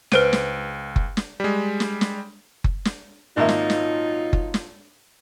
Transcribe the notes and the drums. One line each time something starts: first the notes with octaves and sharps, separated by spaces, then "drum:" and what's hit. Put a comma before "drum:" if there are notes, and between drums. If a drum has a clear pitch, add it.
C#2 B4 C5 D7 D#7, drum: snare
drum: snare
drum: kick F#1
drum: snare
G3 G#3
drum: snare
drum: snare
drum: kick F#1
drum: snare
G#1 A#2 F#3 A#3 D#4 F4 E5
drum: snare
drum: snare
drum: kick F#1
drum: snare